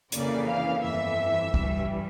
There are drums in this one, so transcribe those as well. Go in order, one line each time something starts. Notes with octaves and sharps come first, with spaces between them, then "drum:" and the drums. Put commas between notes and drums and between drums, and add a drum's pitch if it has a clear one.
F2 C#3 E3 A#3 D5, drum: hi-hat
F5
G1 F2 E3 E5
G2 E3 G3, drum: kick